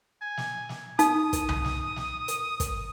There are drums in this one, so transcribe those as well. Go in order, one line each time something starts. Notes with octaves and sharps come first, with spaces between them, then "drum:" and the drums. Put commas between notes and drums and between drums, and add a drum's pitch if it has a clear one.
G#5
drum: snare
drum: snare
D#4 D#6, drum: hi-hat
drum: kick, hi-hat
drum: tom C2
drum: snare
drum: snare
drum: hi-hat
drum: kick, hi-hat